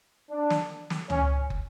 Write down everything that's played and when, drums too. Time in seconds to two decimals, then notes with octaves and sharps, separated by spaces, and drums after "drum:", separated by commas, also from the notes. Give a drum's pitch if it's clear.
0.30 D4
0.50 drum: snare
0.90 drum: snare
1.10 C#4, drum: tom C#2
1.50 drum: kick